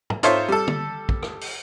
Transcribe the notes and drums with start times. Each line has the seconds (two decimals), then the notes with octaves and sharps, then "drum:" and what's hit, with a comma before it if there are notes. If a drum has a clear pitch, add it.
0.10 drum: tom
0.23 D#4 F4 A4 C5 C#5 E5, drum: hi-hat
0.48 G3 A4
0.68 drum: tom
1.09 drum: kick
1.23 drum: rim click
1.41 drum: open hi-hat